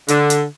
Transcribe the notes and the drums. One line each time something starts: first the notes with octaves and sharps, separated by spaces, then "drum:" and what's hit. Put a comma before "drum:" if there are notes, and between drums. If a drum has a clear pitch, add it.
D3, drum: hi-hat
drum: hi-hat